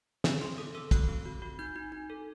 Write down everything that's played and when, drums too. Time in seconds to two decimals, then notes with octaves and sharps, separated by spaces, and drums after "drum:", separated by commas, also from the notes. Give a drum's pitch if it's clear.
0.24 C4 D#6, drum: snare
0.41 C4 C6
0.58 A4 D#6
0.75 A4 E6
0.91 F#4 F#6, drum: kick, hi-hat
1.08 C4
1.25 F#4
1.42 F#4
1.59 D#4 G6
1.76 D#4
1.92 D#4
2.10 A4